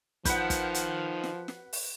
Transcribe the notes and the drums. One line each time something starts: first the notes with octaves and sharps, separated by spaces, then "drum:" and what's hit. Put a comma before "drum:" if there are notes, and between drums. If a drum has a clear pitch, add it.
D#3 F3 B4 F#5 G6, drum: kick, hi-hat
drum: kick, hi-hat
drum: hi-hat
drum: snare
drum: snare
drum: open hi-hat